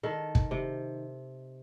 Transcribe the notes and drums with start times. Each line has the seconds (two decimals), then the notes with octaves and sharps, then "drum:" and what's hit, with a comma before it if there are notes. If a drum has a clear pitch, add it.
0.03 D#3 A4
0.35 drum: kick
0.51 C3